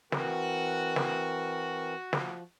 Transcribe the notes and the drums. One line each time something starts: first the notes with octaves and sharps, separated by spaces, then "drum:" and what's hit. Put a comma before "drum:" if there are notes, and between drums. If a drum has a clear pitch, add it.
E3 C4 F#4 A#4, drum: snare
drum: snare
F3, drum: snare